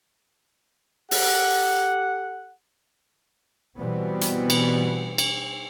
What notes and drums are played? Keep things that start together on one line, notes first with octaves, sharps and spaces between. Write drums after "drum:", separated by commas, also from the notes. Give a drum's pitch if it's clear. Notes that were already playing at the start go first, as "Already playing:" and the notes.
G4 A4 F#5, drum: open hi-hat
B2 E3 G3 B3 C4
drum: hi-hat
drum: cymbal
drum: cymbal